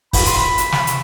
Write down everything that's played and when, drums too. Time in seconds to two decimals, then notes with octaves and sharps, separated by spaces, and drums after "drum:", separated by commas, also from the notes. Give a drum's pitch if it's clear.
0.13 B5, drum: kick, open hi-hat
0.26 C6, drum: hi-hat
0.37 B5
0.58 drum: hi-hat
0.72 drum: snare
0.87 drum: hi-hat